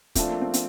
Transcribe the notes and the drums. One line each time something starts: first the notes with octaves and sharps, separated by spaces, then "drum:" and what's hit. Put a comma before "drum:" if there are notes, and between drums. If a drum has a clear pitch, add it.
F3 A3 C4 D4 F4 A4, drum: kick, hi-hat
A#3
C4
C4, drum: hi-hat